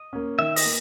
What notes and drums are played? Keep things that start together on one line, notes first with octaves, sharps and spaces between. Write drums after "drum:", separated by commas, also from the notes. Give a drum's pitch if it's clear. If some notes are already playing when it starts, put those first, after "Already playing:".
Already playing: D#5
A#3 C#4
D#3 E5
D#5, drum: open hi-hat
A#3